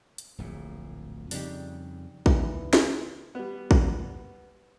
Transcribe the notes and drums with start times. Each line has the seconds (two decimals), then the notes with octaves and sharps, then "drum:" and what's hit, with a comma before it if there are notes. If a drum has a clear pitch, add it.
0.18 drum: hi-hat
0.38 D1 A#1 A2
1.31 F2 C#3 G3 D4 D#4 G4, drum: open hi-hat
2.26 C#2 E3 D#4, drum: kick
2.73 drum: snare
3.35 G3 B3
3.71 drum: kick